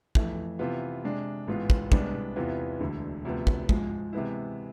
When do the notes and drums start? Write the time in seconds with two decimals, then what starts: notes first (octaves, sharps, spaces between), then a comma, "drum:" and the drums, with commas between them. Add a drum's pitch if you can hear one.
0.15 F2 E3 A3, drum: kick
0.59 C3 E3 B3 F4
1.03 C3 G#3 D4
1.48 A1 G#2 G#3 B3 F4
1.70 drum: kick
1.92 C2 C3 G#3 B3 D4, drum: kick
2.36 E2 C3 E3 B3 F4
2.80 E1 D2 D3
3.25 D2 C3 F3 B3
3.47 drum: kick
3.69 G#2 F3 G#3, drum: kick
4.13 C3 E3 G#3 B3 E4